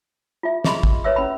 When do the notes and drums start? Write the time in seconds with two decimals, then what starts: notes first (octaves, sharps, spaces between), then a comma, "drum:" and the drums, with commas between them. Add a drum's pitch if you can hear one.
0.43 F4 E5
0.64 G#4 D#5 B5 C6, drum: snare
0.83 drum: kick
1.04 B4 C#5 E5 E6
1.16 C#4 B5